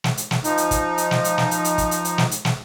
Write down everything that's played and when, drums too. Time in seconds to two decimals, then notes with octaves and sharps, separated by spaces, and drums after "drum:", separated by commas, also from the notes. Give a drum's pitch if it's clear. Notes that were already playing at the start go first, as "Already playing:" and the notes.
0.04 drum: snare
0.17 drum: hi-hat
0.31 drum: snare
0.44 F3 D#4, drum: hi-hat
0.58 drum: hi-hat
0.71 drum: kick, hi-hat
0.98 drum: hi-hat
1.11 drum: snare
1.24 drum: hi-hat
1.38 drum: snare
1.51 drum: hi-hat
1.65 drum: hi-hat
1.78 drum: kick, hi-hat
1.91 drum: hi-hat
2.05 drum: hi-hat
2.18 drum: snare
2.31 drum: hi-hat
2.45 drum: snare